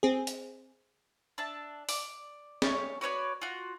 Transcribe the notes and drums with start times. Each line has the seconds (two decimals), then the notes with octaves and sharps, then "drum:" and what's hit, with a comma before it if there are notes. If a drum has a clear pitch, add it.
0.03 C4 G#4
0.27 drum: hi-hat
1.38 D4 E5 A5
1.89 D5 D6, drum: open hi-hat
2.62 C#4 G4 C#5 A5, drum: snare
3.01 F#4 B4 C#5 D5
3.42 F4 F#4